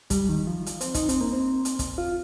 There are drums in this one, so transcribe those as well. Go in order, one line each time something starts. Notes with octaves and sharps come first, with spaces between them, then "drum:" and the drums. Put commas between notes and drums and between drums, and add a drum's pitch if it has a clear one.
G3, drum: kick, hi-hat
D#3
F3
F3, drum: hi-hat
C4, drum: hi-hat
D#4, drum: kick, hi-hat
C4, drum: hi-hat
A#3
C4
drum: hi-hat
drum: kick, hi-hat
F4